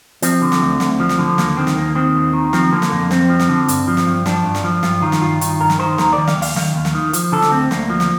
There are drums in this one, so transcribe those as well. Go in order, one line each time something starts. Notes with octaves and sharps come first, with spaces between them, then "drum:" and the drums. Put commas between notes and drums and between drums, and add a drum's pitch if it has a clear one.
F3 C4, drum: hi-hat
D3
drum: snare
D2
D2, drum: snare
F3
drum: snare
D3
D#2 A#3, drum: snare
D#3 C4
drum: snare
D#2 A#3
D#3 C4
D#2
D#3
F3 C4, drum: snare
D3 A#3
drum: snare
F2 A#3
F2 C4, drum: snare
F3
drum: snare
D3
G2, drum: hi-hat
F3
drum: snare
G2
F3 D4, drum: snare
G2
drum: snare
F3
G2 F4, drum: snare
D#3 F4
drum: snare
G2 F4
D#3 F4, drum: hi-hat
G2 A#4
drum: snare
D#3 C5
D#2 A#4, drum: snare
D5
D#3
F5, drum: snare
D#2
F5, drum: open hi-hat
D#3 F5, drum: snare
D#2
drum: snare
D#3
F3, drum: hi-hat
D3 A4
drum: snare
D2 C4
D2 A#3, drum: snare
F3
drum: snare